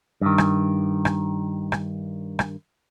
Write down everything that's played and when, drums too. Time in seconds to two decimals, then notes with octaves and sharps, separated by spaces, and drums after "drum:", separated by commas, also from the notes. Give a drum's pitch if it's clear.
0.21 G2 D#3
0.38 drum: rim click
1.05 drum: rim click
1.72 drum: rim click
2.39 drum: rim click